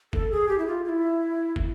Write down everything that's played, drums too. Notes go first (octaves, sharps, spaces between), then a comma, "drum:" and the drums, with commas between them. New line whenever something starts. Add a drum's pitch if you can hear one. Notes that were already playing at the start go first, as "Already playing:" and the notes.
A4, drum: kick
G#4
G4
E4
F4
F4
E4
drum: kick